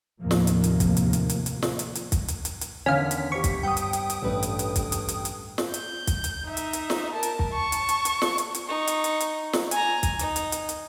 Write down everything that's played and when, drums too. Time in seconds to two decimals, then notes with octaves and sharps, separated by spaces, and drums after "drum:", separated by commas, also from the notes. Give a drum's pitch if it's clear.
0.21 D#2 A2 C3 F3 A#3
0.31 drum: snare
0.47 drum: hi-hat
0.64 drum: hi-hat
0.80 drum: kick, hi-hat
0.97 drum: hi-hat
1.13 drum: hi-hat
1.30 drum: hi-hat
1.46 drum: hi-hat
1.62 drum: snare
1.79 drum: hi-hat
1.95 drum: hi-hat
2.12 drum: kick, hi-hat
2.28 drum: hi-hat
2.45 drum: hi-hat
2.61 drum: hi-hat
2.86 E2 D3 D#3 C#4 F5 B6
3.11 drum: hi-hat
3.32 G4 C5 C#6
3.44 drum: kick, hi-hat
3.63 G2 F#5 G5 D#6
3.77 drum: hi-hat
3.93 drum: hi-hat
4.10 drum: hi-hat
4.22 A1 G2 A4 B4
4.43 drum: hi-hat
4.59 drum: hi-hat
4.76 drum: kick, hi-hat
4.92 drum: hi-hat
5.08 drum: hi-hat
5.25 drum: hi-hat
5.58 drum: snare
5.74 G6, drum: hi-hat
6.07 drum: kick, hi-hat
6.24 drum: hi-hat
6.46 D#4 E5
6.57 drum: hi-hat
6.73 drum: hi-hat
6.90 drum: snare
7.12 A#4 A5
7.23 drum: hi-hat
7.39 drum: kick
7.49 A5 C#6
7.72 drum: hi-hat
7.89 drum: hi-hat
8.05 drum: hi-hat
8.22 drum: snare
8.38 drum: hi-hat
8.55 drum: hi-hat
8.68 D#4 C#6
8.87 drum: hi-hat
9.04 drum: hi-hat
9.20 drum: hi-hat
9.53 drum: snare
9.71 G#5 A#5, drum: hi-hat
10.03 drum: kick, hi-hat
10.19 D#4, drum: hi-hat
10.36 drum: hi-hat
10.52 drum: hi-hat
10.69 drum: hi-hat